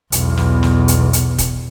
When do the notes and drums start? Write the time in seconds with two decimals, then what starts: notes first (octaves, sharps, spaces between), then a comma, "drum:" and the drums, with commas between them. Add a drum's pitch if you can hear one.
0.12 B1 E2, drum: hi-hat
0.37 drum: snare
0.63 drum: snare
0.88 drum: hi-hat
1.13 drum: hi-hat
1.38 drum: kick, hi-hat